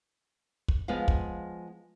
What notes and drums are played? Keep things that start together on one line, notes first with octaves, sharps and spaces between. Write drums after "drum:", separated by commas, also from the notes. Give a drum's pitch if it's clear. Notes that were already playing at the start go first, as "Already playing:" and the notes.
drum: kick
F3 G#3 B3 F4 F5
drum: kick